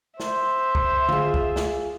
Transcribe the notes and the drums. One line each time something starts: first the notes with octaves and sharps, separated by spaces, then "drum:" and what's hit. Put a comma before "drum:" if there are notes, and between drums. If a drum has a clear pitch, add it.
C5 E5, drum: snare
drum: kick
F4 G#4, drum: tom D3
drum: kick
drum: snare